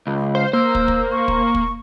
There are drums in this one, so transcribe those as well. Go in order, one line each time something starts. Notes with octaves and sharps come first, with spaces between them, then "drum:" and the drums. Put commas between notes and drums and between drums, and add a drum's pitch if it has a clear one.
C#2
C5 F5
A#3 C5 E6
drum: kick
drum: kick
C#6
drum: kick
drum: kick